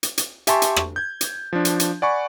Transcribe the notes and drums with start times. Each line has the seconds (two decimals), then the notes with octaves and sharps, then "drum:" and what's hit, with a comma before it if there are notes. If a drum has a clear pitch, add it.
0.03 drum: hi-hat
0.18 drum: hi-hat
0.47 G4 E5 G#5 A5 C6 C#6, drum: hi-hat
0.62 drum: hi-hat
0.76 drum: rim click
0.96 G6 G#6
1.21 drum: hi-hat
1.53 F3 D4
1.65 drum: hi-hat
1.80 drum: hi-hat
2.02 D5 F#5 G#5 B5 C#6